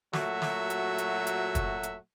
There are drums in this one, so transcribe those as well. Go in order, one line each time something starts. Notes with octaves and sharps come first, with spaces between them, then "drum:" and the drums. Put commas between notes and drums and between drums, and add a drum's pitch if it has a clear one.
A#2 F#3 A3 F#4 E5, drum: snare
drum: snare
drum: hi-hat
drum: hi-hat
drum: hi-hat
drum: kick, hi-hat
drum: hi-hat